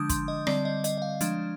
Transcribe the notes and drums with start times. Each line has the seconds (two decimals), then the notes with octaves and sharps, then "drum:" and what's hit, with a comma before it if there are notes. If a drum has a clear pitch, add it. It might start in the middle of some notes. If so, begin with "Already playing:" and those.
Already playing: D3 F3 G#3 D4 D#6 G6
0.10 C6, drum: kick, hi-hat
0.28 D#5
0.47 D3 G3 C4 D5, drum: rim click
0.65 D#5
0.84 D#5, drum: hi-hat
0.98 D#5
1.02 F5
1.21 F3 G#3 D4, drum: hi-hat